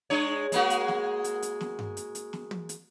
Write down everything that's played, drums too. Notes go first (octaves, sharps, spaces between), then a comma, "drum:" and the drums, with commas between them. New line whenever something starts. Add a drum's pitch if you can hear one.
G#3 D4 C#5
G#3 A#3 F#4, drum: hi-hat
drum: hi-hat
drum: snare
drum: hi-hat
drum: hi-hat
drum: snare
drum: tom G2
drum: hi-hat
drum: hi-hat
drum: snare
drum: tom
drum: hi-hat